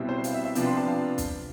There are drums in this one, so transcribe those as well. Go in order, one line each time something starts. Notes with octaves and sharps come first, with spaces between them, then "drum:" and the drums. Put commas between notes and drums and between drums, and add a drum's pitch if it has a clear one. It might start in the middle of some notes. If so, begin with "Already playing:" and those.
Already playing: B2 G3 C4 E4
C5
F5, drum: hi-hat
E5
E5
C3 F3 B3 D4 F5, drum: hi-hat
C6
A5
F5
drum: kick, hi-hat